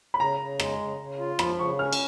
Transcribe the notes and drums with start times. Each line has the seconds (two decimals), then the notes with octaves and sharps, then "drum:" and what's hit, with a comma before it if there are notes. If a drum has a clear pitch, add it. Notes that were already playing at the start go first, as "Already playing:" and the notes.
0.14 B5
0.20 C#3 A#5
0.40 C#3
0.60 G#3, drum: rim click
0.80 C#3
1.00 C#3
1.19 F4
1.39 F3 B5, drum: rim click
1.59 C#3 C#6
1.79 C#4 F6
1.93 drum: cymbal